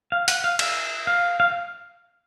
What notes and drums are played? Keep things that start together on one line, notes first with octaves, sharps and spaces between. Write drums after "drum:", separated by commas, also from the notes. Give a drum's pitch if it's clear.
F5
F#5, drum: hi-hat
F5
E5, drum: cymbal
F5
F5